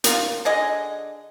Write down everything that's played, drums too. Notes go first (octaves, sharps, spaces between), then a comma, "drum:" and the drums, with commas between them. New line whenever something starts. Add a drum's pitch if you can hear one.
F4 A#4, drum: hi-hat
D3 G#4 D#5